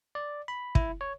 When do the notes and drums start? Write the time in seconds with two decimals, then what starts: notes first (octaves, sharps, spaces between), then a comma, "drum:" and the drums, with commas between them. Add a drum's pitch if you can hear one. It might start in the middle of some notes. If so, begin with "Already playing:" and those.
0.15 D5
0.48 B5
0.75 E4, drum: kick
1.01 C#5